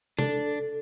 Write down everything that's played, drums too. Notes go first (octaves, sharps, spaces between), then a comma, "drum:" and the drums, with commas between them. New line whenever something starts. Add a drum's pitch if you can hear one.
D4 A4, drum: tom C3